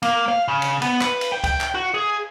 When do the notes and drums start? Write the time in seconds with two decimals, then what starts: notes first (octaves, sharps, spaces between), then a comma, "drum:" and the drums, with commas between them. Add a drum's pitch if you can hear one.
0.03 A#3, drum: cymbal
0.29 F5
0.48 C#3
0.62 drum: cymbal
0.82 B3, drum: cymbal
1.01 B4, drum: clap
1.21 drum: cymbal
1.32 G5
1.44 G5, drum: kick C#2, cymbal
1.61 drum: clap
1.75 F#4
1.94 G#4